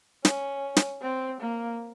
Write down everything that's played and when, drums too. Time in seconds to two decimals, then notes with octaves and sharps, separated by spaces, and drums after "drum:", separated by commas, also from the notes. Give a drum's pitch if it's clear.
0.25 C#4, drum: snare
0.77 drum: snare
1.02 C4
1.41 A#3